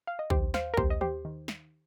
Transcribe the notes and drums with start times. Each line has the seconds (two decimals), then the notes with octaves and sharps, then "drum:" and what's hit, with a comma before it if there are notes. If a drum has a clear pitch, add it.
0.07 F5
0.19 D#5
0.30 D#2 G4 C5, drum: kick A#1
0.54 C5 F5, drum: snare
0.74 A#4
0.77 D#2 G4 C5, drum: kick A#1
0.90 D#5
1.01 G4 C5, drum: tom D#3
1.25 D#3
1.48 drum: snare